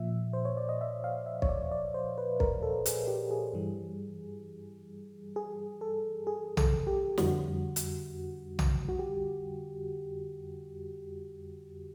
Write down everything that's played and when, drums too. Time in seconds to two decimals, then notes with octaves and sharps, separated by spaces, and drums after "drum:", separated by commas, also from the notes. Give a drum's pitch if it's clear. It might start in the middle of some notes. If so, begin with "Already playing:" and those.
Already playing: A#2 F3 E5
0.33 C5
0.45 C#5
0.57 D5
0.69 D#5
0.81 E5
1.04 F5
1.26 E5
1.42 C#5, drum: kick
1.49 D5
1.71 D5
1.94 C5
2.18 B4
2.40 A#4, drum: kick
2.62 A4
2.86 G#4, drum: hi-hat
3.08 G4
3.31 G#4
3.54 G2 E3 G3
5.36 G#4
5.81 A4
6.27 G#4
6.57 A4, drum: tom B1
6.87 G4
7.18 F2 D3 G3 F#4, drum: snare
7.76 drum: hi-hat
8.59 drum: tom B1
8.89 F#4
8.99 G4